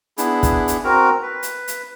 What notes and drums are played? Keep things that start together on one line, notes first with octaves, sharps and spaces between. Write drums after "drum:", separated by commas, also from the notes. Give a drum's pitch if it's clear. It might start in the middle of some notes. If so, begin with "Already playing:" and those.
B3 D4 E4 G#4, drum: hi-hat
drum: kick, hi-hat
drum: hi-hat
C4 F#4 A#4 A#5
B4
drum: hi-hat
drum: hi-hat